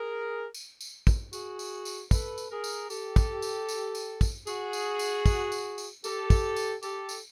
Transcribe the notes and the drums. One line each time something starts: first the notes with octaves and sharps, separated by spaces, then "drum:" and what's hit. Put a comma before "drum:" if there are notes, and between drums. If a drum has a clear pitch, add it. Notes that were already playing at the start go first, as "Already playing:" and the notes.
Already playing: G#4 A#4
drum: tambourine
drum: tambourine
drum: kick, tambourine
F#4 G#4, drum: tambourine
drum: tambourine
drum: tambourine
A4 B4, drum: kick, tambourine
drum: tambourine
G#4 A#4
drum: tambourine
G4 A4, drum: tambourine
drum: kick, tambourine
drum: tambourine
drum: tambourine
drum: tambourine
drum: kick, tambourine
F#4 G#4, drum: tambourine
drum: tambourine
drum: tambourine
drum: kick, tambourine
drum: tambourine
drum: tambourine
G4 A4, drum: tambourine
drum: kick, tambourine
drum: tambourine
G4 A4, drum: tambourine
drum: tambourine